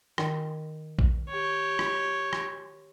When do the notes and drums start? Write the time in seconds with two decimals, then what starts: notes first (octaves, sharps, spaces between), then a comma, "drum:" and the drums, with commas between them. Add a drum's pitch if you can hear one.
0.18 D#3, drum: rim click
0.99 drum: kick A#1
1.29 G4 C#5
1.79 drum: rim click
2.33 drum: rim click